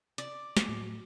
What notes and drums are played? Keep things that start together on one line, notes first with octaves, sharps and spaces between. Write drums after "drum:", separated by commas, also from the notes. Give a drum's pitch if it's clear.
D5, drum: hi-hat
drum: snare
A2 F#3